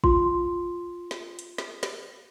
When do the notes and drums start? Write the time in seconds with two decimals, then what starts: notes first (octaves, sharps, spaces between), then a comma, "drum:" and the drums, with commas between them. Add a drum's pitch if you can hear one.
0.04 F4 C6, drum: kick
1.11 drum: snare
1.39 drum: hi-hat
1.58 drum: snare
1.83 drum: snare